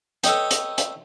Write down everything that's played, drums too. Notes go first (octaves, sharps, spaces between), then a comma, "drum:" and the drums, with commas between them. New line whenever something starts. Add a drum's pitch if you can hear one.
A4 B4 C#5 D#5 G5, drum: hi-hat
drum: hi-hat
drum: hi-hat